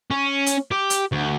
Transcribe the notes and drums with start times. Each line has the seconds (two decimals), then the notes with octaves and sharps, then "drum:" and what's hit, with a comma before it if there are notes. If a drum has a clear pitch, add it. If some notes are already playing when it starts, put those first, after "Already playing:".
0.11 C#4
0.46 drum: hi-hat
0.71 G4
0.90 drum: hi-hat
1.12 D2